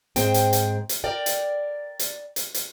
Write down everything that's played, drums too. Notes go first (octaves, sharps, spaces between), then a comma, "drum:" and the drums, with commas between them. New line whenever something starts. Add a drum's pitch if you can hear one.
G#2 C4 G#4 G5, drum: hi-hat
drum: hi-hat
drum: hi-hat
drum: hi-hat
A#4 D5 G5
drum: hi-hat
drum: hi-hat
drum: hi-hat
drum: hi-hat